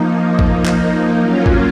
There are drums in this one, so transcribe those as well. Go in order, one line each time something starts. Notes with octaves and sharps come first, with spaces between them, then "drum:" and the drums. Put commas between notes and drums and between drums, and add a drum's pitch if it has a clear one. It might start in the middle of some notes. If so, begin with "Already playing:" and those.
Already playing: F3 A#3 D#4
drum: kick
drum: clap
F#3 A#3 C#4 F4
drum: kick